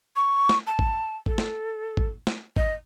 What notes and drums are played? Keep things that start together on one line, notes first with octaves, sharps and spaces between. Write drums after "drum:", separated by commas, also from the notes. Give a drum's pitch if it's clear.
C#6
drum: snare
A5
drum: kick
A4, drum: kick
drum: snare
drum: kick
drum: snare
D#5, drum: kick